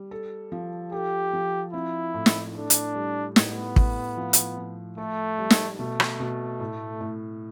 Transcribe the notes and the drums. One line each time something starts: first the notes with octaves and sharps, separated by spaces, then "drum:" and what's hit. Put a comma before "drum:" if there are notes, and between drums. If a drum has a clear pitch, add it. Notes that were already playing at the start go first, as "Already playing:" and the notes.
Already playing: G3
A4
F3
G4 A4
F3
C4 E4
A2
drum: snare
D4 A4
drum: hi-hat
G3
A2 B3, drum: snare
A2, drum: kick
F3
drum: hi-hat
F3
A3 A4
G3
drum: snare
B2 A3
drum: rim click
B2
A2
A2